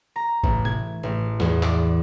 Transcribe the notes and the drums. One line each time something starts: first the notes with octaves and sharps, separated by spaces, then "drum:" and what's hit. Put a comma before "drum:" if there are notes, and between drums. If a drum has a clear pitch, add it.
A#5
A1, drum: kick G#1
G#6, drum: tom
A1
E2, drum: snare
D5, drum: clap